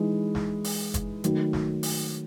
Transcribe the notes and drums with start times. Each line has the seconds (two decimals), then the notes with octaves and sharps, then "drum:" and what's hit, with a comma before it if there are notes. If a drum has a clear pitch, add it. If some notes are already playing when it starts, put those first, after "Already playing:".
Already playing: E3 G#3 D#4
0.35 drum: snare
0.64 drum: open hi-hat
0.94 drum: kick, hi-hat
1.24 D#3 F#3 A3, drum: hi-hat
1.53 drum: snare
1.83 drum: open hi-hat